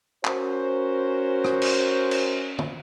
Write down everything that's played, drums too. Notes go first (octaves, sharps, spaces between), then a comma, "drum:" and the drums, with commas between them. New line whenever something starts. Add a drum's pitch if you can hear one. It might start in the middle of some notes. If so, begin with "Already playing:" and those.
C#4 F#4 A#4 C5, drum: clap
drum: rim click
drum: cymbal
drum: cymbal
drum: tom